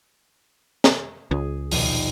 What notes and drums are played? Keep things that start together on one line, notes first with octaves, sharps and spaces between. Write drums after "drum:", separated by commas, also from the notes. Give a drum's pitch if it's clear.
drum: snare
C#2 G#4
A#1 D#2 B2, drum: open hi-hat